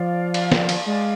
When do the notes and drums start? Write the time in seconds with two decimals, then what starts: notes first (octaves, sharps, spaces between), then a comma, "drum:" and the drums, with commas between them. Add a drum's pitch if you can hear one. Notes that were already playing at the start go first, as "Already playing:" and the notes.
Already playing: F3 D5 F5
0.34 drum: cymbal
0.52 drum: snare
0.69 drum: cymbal
0.86 G#3 D5 F5